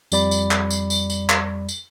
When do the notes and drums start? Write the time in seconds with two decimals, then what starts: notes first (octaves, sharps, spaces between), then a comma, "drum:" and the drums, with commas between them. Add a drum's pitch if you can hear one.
0.12 F2 G3 D5 B5, drum: tambourine
0.31 drum: tambourine
0.51 drum: clap
0.70 drum: tambourine
0.90 drum: tambourine
1.10 drum: tambourine
1.29 drum: clap
1.69 drum: tambourine